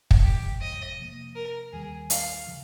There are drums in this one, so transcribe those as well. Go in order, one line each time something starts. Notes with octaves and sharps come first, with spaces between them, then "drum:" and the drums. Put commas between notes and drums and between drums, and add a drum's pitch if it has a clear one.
drum: kick
F2 C3 F3 G#3 G4
D#5
C3 F3 A#3
A#4
D#2 D#3 G3 G#4
F5, drum: hi-hat
C#3 F3